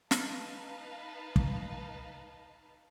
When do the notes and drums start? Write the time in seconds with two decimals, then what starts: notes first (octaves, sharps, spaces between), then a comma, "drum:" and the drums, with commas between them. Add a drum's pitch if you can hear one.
0.11 D#4 B4 F5 A5, drum: snare
1.36 drum: kick